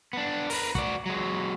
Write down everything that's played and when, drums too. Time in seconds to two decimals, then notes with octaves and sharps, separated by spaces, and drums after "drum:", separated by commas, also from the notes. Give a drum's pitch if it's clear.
0.13 B3 D4
0.50 A#4 B4, drum: open hi-hat
0.75 F#4 D5, drum: kick
1.06 F#3 G#3